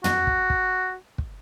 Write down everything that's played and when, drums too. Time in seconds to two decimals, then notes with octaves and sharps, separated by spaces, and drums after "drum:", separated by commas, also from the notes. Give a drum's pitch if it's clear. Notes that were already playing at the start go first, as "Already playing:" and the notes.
0.04 F#4, drum: tom
0.27 drum: kick
0.50 drum: kick
1.18 drum: kick